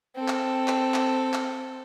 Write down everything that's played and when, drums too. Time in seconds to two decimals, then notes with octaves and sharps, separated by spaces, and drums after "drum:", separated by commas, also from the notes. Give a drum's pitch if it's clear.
0.15 C4 A4
0.28 drum: clap
0.68 drum: clap
0.94 drum: clap
1.34 drum: clap